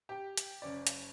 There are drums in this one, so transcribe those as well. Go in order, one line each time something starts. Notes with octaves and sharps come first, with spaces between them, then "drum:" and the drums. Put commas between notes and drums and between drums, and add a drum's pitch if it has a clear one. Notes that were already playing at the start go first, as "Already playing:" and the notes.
G4 G5
drum: hi-hat
F#1 C#4 D5
drum: hi-hat